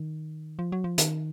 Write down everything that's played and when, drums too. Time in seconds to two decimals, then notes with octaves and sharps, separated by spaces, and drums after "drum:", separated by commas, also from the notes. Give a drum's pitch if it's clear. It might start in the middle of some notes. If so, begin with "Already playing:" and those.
Already playing: D#3
0.59 F3
0.72 F#3
0.84 F3
0.98 D#3, drum: hi-hat